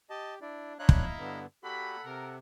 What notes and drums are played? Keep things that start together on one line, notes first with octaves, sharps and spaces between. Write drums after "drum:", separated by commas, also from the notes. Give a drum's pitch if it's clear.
G4 D#5 A5
D4 E4 D5
D4 E4 C#5 D#5 F5 A#5 F#6
drum: kick
G2 D3 B3
A#2 F#4 G4 A4 F#5 B5
C3 A#4